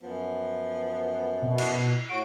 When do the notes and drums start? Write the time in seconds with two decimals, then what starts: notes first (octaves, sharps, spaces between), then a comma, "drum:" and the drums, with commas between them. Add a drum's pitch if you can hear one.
0.02 F#2 F3 B3
1.42 B2
1.58 drum: cymbal
2.09 A2 F#4 D7